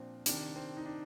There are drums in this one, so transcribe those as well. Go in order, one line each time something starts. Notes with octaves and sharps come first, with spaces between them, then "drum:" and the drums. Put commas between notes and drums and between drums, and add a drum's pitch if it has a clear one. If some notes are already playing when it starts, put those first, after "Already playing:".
Already playing: A#2 F3 C4 D4
C3 D#3 D4, drum: hi-hat
C4
D#4
D4